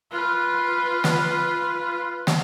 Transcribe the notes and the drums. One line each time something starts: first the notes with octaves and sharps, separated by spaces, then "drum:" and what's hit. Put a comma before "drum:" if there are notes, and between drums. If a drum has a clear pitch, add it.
F4 B4
drum: snare
drum: snare